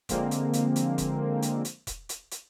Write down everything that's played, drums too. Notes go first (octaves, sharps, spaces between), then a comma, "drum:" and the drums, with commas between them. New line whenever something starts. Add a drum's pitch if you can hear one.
D3 F3 G#3 A#3 C4, drum: kick E1, hi-hat
drum: hi-hat
drum: hi-hat
drum: hi-hat
drum: kick E1, hi-hat
drum: hi-hat
drum: hi-hat
drum: kick E1, hi-hat
drum: hi-hat
drum: hi-hat